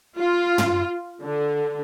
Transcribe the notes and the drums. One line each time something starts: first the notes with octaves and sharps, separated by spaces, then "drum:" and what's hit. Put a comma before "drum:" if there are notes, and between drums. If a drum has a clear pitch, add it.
F4
drum: tom
D3